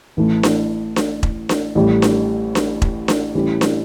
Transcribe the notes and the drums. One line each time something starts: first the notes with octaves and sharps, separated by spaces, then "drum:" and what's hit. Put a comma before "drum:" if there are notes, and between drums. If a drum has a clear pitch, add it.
A1 A2 E3 A3
drum: snare D4
drum: snare D4
drum: kick E1
drum: snare D4
A1 A2 G3
drum: snare D4
drum: snare D4
drum: kick E1
drum: snare D4
A2 E3 G3 C#4 G4
drum: snare D4